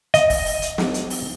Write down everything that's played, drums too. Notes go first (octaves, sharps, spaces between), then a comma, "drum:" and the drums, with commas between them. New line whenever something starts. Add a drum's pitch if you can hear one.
D#5, drum: hi-hat
drum: kick, open hi-hat
drum: open hi-hat
drum: hi-hat
drum: snare
drum: hi-hat
drum: open hi-hat